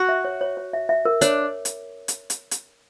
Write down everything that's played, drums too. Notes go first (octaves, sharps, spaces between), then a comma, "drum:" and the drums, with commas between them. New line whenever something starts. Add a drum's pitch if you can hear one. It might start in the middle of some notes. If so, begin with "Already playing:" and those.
Already playing: F#4
E5
C#5
C#5
C#5
E5
E5
A#4
D4 C#5, drum: hi-hat
drum: hi-hat
drum: hi-hat
drum: hi-hat
drum: hi-hat